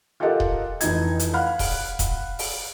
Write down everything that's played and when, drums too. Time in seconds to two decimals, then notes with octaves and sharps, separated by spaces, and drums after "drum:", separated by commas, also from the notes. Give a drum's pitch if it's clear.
0.20 F4 G4 A4 A#4 D#5 F#5
0.40 drum: kick D#1
0.81 F1 E3 D#4 G#6, drum: hi-hat
1.19 drum: hi-hat
1.34 F5 F#5 B5 F6
1.59 drum: kick D#1, open hi-hat
1.99 drum: kick D#1, hi-hat
2.39 drum: open hi-hat